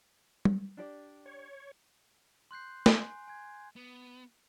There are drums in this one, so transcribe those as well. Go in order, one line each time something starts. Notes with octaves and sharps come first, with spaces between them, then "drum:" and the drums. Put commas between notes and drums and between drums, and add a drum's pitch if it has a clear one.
drum: tom G3
D4 G4 D5
C#5
C6 F#6 G6 C7
G#5 C6, drum: snare
G#5 G#6
B3